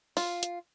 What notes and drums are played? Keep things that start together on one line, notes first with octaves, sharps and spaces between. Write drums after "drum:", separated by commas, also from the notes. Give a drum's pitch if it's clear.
F4, drum: open hi-hat
drum: hi-hat